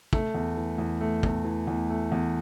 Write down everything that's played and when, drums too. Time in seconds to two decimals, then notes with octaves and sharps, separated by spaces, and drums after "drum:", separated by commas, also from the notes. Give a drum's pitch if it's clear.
0.13 A3, drum: kick
0.35 E2
0.57 E3
0.78 E2
1.00 A3
1.23 E2, drum: kick
1.45 E3
1.67 E2
1.90 A3
2.12 E2